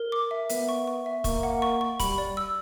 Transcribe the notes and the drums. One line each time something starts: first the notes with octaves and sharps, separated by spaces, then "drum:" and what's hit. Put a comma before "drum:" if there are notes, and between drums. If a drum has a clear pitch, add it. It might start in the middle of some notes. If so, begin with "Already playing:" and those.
Already playing: A#4
D6
E5
B3 E5, drum: hi-hat
C#6
C#6
E5
A#3 C#6, drum: kick, hi-hat
F#5
C#6
C#6
G3 B5, drum: kick, hi-hat
D5
E6